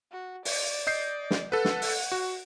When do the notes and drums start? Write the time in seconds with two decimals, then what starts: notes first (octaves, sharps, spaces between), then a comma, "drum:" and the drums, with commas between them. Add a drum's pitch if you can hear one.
0.12 F#4
0.45 D5, drum: open hi-hat
0.87 D#5 G6 C7
1.31 drum: snare
1.52 A4 B4 F#5
1.65 drum: snare
1.82 drum: open hi-hat
2.12 F#4